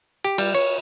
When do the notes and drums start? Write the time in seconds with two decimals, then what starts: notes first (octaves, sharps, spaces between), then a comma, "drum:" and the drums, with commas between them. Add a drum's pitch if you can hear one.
0.25 G4
0.38 G3, drum: cymbal
0.55 C#5